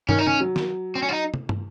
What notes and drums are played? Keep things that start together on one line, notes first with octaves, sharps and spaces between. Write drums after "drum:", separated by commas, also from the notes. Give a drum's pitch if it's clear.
D#3 C#4, drum: tom
D#4
C#4, drum: tom
F#3
drum: snare
C4
C#4
F4
D#4
drum: tom
drum: tom